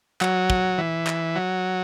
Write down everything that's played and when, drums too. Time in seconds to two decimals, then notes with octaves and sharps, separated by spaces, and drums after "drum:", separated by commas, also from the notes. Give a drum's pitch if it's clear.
0.21 F#3, drum: clap
0.50 drum: kick
0.78 E3
1.07 drum: clap
1.36 F#3